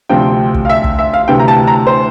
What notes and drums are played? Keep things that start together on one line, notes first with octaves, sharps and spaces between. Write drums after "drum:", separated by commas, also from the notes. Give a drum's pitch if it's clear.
D2 C3 F3 C4 G5
drum: kick
F5
E5
drum: kick
E5
F5
D2 C3 E3 G5
A#5
A5
A#5
C5